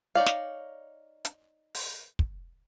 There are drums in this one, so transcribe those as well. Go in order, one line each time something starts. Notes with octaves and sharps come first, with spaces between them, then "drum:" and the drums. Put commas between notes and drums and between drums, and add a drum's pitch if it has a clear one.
D#4 C#5 D5 F5
drum: snare
drum: hi-hat
drum: open hi-hat
drum: kick